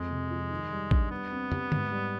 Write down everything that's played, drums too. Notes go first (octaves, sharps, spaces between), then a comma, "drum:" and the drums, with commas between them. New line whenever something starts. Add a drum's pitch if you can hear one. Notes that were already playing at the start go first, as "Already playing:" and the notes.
Already playing: F2 G#3 C4
C3
F3
D#3
G3
D4, drum: kick A1
G3 B3
C4
G4, drum: tom
G#2, drum: tom
G3